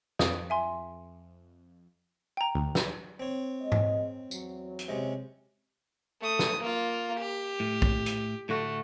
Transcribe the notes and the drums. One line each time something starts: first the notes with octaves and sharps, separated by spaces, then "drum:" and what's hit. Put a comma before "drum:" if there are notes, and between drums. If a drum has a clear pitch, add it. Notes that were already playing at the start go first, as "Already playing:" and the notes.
F2 D#6, drum: snare
E5 G#5 C6
G5 A#5
D2
drum: snare
C4 C#5
G#3 D#5
drum: tom G#2
E2 F#3, drum: tambourine
drum: hi-hat
C3 G#3 C#4
A3 D#6
drum: snare
A#3 F4
G4
A2
drum: kick
drum: hi-hat
A2 D3 A3 F#4